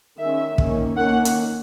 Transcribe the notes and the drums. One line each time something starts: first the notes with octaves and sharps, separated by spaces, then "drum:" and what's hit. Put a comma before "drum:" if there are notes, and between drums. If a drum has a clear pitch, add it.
D#3 G#3 C#4 E5
D#3 A#3 C#4, drum: kick
D#3 A#3 C#4 F#5
drum: hi-hat